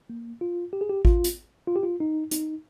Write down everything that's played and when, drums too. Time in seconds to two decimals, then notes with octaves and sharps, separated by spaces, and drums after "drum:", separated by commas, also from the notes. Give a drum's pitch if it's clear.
0.10 A#3
0.41 F4
0.73 G4
0.81 G#4
0.89 G4
1.05 F4, drum: kick A1
1.24 drum: hi-hat
1.67 F4
1.76 G4
1.83 F4
2.00 D#4
2.31 D#4, drum: hi-hat